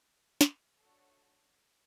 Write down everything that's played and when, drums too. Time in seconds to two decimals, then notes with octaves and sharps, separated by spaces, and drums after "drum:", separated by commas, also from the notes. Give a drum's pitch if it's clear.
0.41 drum: snare
0.80 A3 D4 F#4 A4 C#5